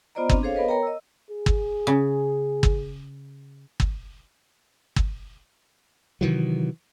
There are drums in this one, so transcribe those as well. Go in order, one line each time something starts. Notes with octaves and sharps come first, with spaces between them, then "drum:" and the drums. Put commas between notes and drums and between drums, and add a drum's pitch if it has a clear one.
B3 F4 C5 D5 D#5 A#5
C4 D4, drum: kick G1
G#4 A4 C5 C#5 F5
B3 A#4 B4 D#5
A#4 C#5 G5 A#5
D#5 E6
G#4
drum: kick G1
C#3
drum: kick G1
drum: kick G1
drum: kick G1
C3 D#3 E3 F#3